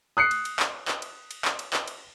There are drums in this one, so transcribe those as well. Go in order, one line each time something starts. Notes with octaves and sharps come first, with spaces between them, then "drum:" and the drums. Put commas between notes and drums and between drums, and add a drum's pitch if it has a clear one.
D#6 F#6 C7 C#7
drum: cymbal
drum: cymbal
drum: clap
drum: clap
drum: cymbal
drum: cymbal
drum: clap
drum: cymbal
drum: clap
drum: cymbal